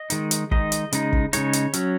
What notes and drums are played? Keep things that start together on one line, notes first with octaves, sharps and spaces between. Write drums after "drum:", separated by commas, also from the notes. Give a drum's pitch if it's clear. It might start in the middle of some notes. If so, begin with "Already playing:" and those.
Already playing: D#5
D#3 G#3 D#4, drum: hi-hat
drum: hi-hat
D#3 G#3 D#4 D#5, drum: kick
drum: hi-hat
C#3 G#3 D#4, drum: hi-hat
drum: kick
C#3 G#3 D#4 C#5, drum: hi-hat
drum: hi-hat
F#3 C#4, drum: hi-hat